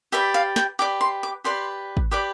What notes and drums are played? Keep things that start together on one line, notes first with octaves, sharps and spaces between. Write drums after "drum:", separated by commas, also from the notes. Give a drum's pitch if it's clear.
G4 B4 D5 E5
F5
G5, drum: snare
G4 B4 D5 D6
C6
D6
G4 B4 D5 C6
drum: kick
G4 B4 D5 D6